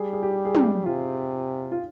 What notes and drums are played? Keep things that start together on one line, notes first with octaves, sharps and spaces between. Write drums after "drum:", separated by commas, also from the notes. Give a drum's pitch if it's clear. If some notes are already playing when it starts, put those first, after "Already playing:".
Already playing: G3 G#4
G#4
G4
G#4
G4, drum: tom
C3 F4
F4